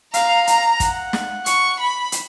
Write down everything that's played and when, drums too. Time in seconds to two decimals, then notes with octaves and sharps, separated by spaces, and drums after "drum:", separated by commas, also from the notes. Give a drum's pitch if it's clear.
0.14 F5 A#5, drum: hi-hat
0.47 A#5, drum: hi-hat
0.80 F#5, drum: kick, hi-hat
1.13 drum: snare
1.46 C#6, drum: hi-hat
1.80 B5
2.12 drum: hi-hat